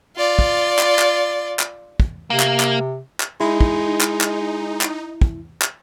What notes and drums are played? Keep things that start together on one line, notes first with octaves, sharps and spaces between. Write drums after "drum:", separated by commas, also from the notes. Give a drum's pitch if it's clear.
F4 D5
drum: kick
drum: clap
drum: clap
drum: clap
drum: kick
C3 A#3
drum: clap
drum: clap
drum: clap
G#3 D#4 E4
drum: kick
drum: clap
drum: clap
drum: clap
drum: kick
drum: clap